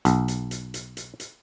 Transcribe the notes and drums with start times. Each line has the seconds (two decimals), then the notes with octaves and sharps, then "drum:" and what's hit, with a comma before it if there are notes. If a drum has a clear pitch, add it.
0.05 B1, drum: hi-hat
0.28 drum: hi-hat
0.51 drum: hi-hat
0.74 drum: hi-hat
0.97 drum: hi-hat
1.20 drum: hi-hat